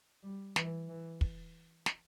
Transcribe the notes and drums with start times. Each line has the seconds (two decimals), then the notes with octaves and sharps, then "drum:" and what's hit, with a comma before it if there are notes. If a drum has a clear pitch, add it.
0.23 G3
0.56 E3, drum: snare
0.89 E3
1.21 drum: kick
1.86 drum: snare